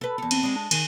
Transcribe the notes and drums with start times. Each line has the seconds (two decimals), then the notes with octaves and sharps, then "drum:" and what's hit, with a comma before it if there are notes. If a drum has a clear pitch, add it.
0.01 A4 B4
0.18 E2 A4
0.31 C4, drum: cymbal
0.43 G#3 D4
0.56 A5
0.71 D#3 G#4, drum: cymbal